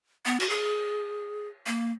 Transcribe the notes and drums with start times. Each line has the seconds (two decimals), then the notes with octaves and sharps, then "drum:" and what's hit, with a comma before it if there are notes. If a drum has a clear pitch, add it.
0.25 B3
0.40 F#4, drum: cymbal
0.49 G#4
1.67 A#3